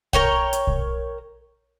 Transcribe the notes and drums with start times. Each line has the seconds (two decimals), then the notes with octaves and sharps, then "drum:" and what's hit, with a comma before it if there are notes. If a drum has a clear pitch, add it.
0.13 A#4 C#5 G5, drum: kick
0.53 drum: hi-hat
0.67 drum: kick